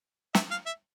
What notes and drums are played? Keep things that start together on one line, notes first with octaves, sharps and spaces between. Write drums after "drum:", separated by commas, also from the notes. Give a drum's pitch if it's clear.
E5, drum: snare
F5
E5